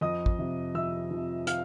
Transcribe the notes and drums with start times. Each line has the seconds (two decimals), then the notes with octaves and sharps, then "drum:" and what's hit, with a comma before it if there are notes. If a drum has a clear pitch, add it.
0.01 F2 D#5 D#6
0.26 drum: kick
0.39 C3 F3
0.75 F2 E5 E6
1.11 C3 F3
1.47 F5 F6, drum: hi-hat